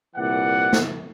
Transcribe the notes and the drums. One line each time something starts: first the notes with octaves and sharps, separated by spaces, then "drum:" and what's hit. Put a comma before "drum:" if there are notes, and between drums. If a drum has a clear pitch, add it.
C2 A#2 E3 D5 F#5
drum: snare